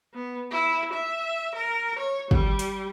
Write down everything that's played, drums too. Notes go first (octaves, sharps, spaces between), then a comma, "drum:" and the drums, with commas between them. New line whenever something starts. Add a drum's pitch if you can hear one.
B3
E4
E5
A#4
C#5
G3, drum: kick
drum: hi-hat